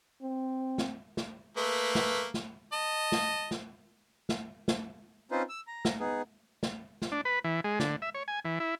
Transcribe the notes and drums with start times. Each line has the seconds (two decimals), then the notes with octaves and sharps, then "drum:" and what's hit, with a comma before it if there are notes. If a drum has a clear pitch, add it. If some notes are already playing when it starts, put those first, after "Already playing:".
0.22 C4
0.78 drum: snare
1.17 drum: snare
1.57 A3 A#3 B4
1.95 drum: snare
2.34 drum: snare
2.72 D#5 A5
3.12 drum: snare
3.51 drum: snare
4.29 drum: snare
4.68 drum: snare
5.31 C4 C#4 D#4 F4 B4 C5
5.49 E6
5.67 A#5
5.85 drum: snare
6.00 B3 D#4 G#4
6.63 drum: snare
7.02 drum: snare
7.12 D4
7.25 B4
7.44 E3
7.64 G#3
7.80 D3, drum: snare
8.02 E5
8.15 C#5
8.28 G#5
8.45 E3
8.60 E4